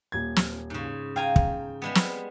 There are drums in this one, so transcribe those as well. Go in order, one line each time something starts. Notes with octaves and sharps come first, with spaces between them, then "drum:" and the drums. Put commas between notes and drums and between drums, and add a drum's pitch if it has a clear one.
D#1 G#6
drum: snare
G#2 C#3
F5 G5 G#5 A#5
drum: kick
G3 G#3 B3
drum: snare